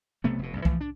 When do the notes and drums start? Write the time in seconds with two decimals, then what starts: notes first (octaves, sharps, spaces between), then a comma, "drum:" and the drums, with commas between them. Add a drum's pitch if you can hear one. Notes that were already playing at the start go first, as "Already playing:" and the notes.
0.24 B1 C3 A3 B3
0.39 F1 B2
0.53 C2 G2
0.65 E3 F3 A3, drum: kick C2
0.81 D4